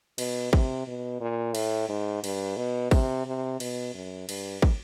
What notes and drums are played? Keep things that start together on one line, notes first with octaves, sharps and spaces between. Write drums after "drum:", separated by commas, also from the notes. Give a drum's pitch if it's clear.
B2, drum: cymbal
C3, drum: kick
B2
A#2
A2, drum: cymbal
G#2
G2, drum: cymbal
B2
C3, drum: kick, cymbal
C3
B2, drum: cymbal
F#2
G2, drum: cymbal
drum: kick